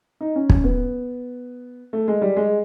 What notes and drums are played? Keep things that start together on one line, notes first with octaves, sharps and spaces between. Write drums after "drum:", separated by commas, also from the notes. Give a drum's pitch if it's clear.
D#4
C#4
C#4, drum: kick
B3
A3
G#3
G3
G#3